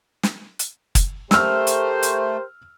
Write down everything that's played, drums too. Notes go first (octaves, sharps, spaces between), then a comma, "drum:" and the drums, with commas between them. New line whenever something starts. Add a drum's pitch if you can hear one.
drum: snare
drum: hi-hat
drum: kick, hi-hat
A3 G4 A#4 C5 E6 F6, drum: snare
drum: hi-hat
drum: hi-hat